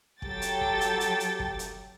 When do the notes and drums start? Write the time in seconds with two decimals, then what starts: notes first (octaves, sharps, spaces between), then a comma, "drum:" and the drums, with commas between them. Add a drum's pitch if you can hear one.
0.22 F#3 G4 A4 G5 A6, drum: kick
0.42 drum: hi-hat
0.61 drum: kick
0.81 drum: hi-hat
1.00 drum: hi-hat
1.20 drum: hi-hat
1.39 drum: kick
1.59 drum: hi-hat